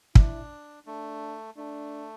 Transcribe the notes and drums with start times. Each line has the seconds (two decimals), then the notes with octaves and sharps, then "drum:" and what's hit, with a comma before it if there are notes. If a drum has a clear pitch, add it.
0.15 D4 E4, drum: kick
0.86 A3 D4
1.57 A3 D4